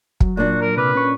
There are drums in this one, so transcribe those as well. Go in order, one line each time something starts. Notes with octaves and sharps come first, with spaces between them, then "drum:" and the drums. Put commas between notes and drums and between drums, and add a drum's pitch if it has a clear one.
F#3, drum: kick
A#2 D4 F#4
A#4
C3 B4 D6 F6
C#4 C#6